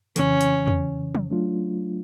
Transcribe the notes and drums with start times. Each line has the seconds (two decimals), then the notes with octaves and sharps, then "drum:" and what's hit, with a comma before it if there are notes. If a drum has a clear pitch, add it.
0.16 F2 C#3 E3 C#4, drum: hi-hat
0.41 drum: hi-hat
0.67 drum: tom E2
1.15 drum: tom
1.30 F#3 A3 D4 F4